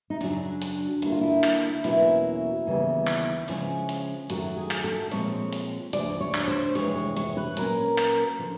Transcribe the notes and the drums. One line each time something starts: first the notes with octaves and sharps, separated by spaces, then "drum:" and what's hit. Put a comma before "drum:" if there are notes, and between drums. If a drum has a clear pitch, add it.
D#4
F#2 C#3 F#3 D4, drum: open hi-hat
drum: hi-hat
D#2 D3 G3 A#3 E4, drum: hi-hat
F4
E4
drum: clap
E2 B2 F#3 A#3 C#4 E4, drum: open hi-hat
D#2 C#3 E3 G3 B3
drum: clap
C#3 F3 G#3 C#4, drum: open hi-hat
drum: hi-hat
F#2 D#3 F#3 A3 F#4, drum: hi-hat
G#4
drum: clap
A4
A#2 F3 G#3 C4 C#5, drum: open hi-hat
drum: hi-hat
D2 C#3 F3 D5, drum: hi-hat
C#5
drum: clap
C5
F2 C3 E3 G#3 C#5, drum: open hi-hat
C#5
C#5, drum: hi-hat
B4
A#2 F#3 A#3 C#4 A#4, drum: hi-hat
drum: clap
D3 F3